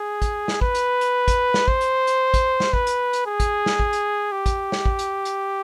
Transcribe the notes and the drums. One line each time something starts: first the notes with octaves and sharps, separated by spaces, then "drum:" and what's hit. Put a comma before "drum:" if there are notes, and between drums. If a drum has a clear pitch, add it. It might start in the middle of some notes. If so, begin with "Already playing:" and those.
Already playing: G#4
drum: kick, hi-hat
drum: snare
B4, drum: kick
drum: hi-hat
drum: hi-hat
drum: kick, hi-hat
drum: snare
C5, drum: kick
drum: hi-hat
drum: hi-hat
drum: kick, hi-hat
drum: snare
B4, drum: kick
drum: hi-hat
drum: hi-hat
G#4
drum: kick, hi-hat
drum: snare
drum: kick
drum: hi-hat
G4
drum: kick, hi-hat
drum: snare
drum: kick
drum: hi-hat
drum: hi-hat